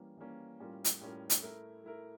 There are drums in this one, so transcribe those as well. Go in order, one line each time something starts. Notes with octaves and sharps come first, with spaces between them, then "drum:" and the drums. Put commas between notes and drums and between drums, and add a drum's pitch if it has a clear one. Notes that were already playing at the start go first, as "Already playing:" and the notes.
Already playing: E3 G3 A#3 C#4
E3 G3 A#3 C#4
A2 G3 C#4 F4 A#4
drum: hi-hat
A2 G3 C#4 F4 A#4
drum: hi-hat
A3 E4 A#4
A3 E4 A#4